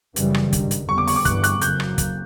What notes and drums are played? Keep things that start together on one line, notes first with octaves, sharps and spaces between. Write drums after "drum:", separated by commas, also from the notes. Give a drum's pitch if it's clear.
F#1 F#2 C#3 E3 G3, drum: hi-hat
drum: rim click
G#1 G2 D#3, drum: kick, hi-hat
drum: hi-hat
F2 D3 G3 B3 C#6
D6
C#6, drum: open hi-hat
D6
G1 G2 E3 G3 B3 F#6, drum: kick, hi-hat
F#6, drum: hi-hat
F#1 F2 C#3 F#3 A#3 G6, drum: hi-hat
drum: rim click
drum: kick, hi-hat